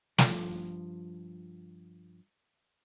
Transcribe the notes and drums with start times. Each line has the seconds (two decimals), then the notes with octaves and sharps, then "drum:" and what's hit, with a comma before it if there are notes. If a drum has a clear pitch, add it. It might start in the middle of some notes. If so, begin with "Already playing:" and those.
0.18 G2 F3, drum: snare